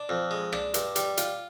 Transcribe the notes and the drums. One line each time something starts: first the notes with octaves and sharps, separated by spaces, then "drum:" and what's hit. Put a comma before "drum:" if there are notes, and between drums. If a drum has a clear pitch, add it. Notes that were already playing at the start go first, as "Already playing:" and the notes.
Already playing: D4
F2
G#3
D4, drum: rim click
G2, drum: hi-hat
G3, drum: hi-hat
F4, drum: hi-hat